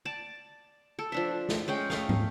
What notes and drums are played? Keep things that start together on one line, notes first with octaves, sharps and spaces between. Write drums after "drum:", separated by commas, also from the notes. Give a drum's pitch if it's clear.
D5 A5
A4
F3 D4 E5
drum: snare
G#3 C#4 G5
A3 D#5 F5, drum: snare
drum: tom